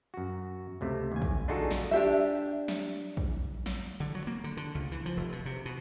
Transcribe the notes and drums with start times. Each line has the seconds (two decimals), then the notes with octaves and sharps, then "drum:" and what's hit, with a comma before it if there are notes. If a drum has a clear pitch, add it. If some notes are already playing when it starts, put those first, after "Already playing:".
0.14 F#2 F#4
0.81 C#2 C3 A3
1.12 D#2 G#5
1.22 drum: kick
1.48 D4 D#4 F4 F#4 G#4 A4
1.71 drum: snare
1.91 D4 G4 E5
2.68 drum: snare
3.17 drum: kick
3.66 drum: snare
4.00 D3
4.15 F#3
4.27 A#3
4.44 D3
4.57 D3
4.75 C#2
4.92 E3
5.06 F3
5.17 F1
5.32 B2
5.46 C3
5.65 B2